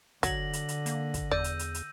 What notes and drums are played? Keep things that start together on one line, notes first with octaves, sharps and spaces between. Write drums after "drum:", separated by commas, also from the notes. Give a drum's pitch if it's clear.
D3 F#3 A#6 F#7, drum: kick, hi-hat
drum: hi-hat
drum: hi-hat
A#3, drum: hi-hat
drum: kick, hi-hat
E2 D5 E6 G6 D#7
drum: hi-hat
drum: hi-hat
drum: hi-hat